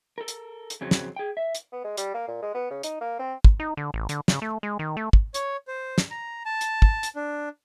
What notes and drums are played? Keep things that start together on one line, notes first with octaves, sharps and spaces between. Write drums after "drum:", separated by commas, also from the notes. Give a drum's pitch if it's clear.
A4 A#4
drum: hi-hat
drum: hi-hat
F2 C#3 F#3 C4
drum: snare
G#4 G5
E5
drum: hi-hat
B3
G#3
G3, drum: hi-hat
A#3
A#2
G#3
B3
C#3
D#4, drum: hi-hat
A#3
C4
drum: kick
D#4
D3
A1
D3, drum: hi-hat
C#3, drum: snare
A3
G#3
D#3
A3
drum: kick
C#5, drum: hi-hat
C5
drum: snare
A#5
A5
drum: hi-hat
drum: kick
drum: hi-hat
D4